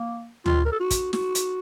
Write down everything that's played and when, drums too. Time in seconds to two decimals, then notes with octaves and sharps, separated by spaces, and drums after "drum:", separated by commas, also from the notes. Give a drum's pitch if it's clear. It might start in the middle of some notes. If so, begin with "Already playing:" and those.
Already playing: A#3
0.46 F4, drum: tom D2
0.65 A#4
0.72 A4
0.80 F#4
0.91 drum: kick, hi-hat
1.13 F#4, drum: snare
1.35 drum: hi-hat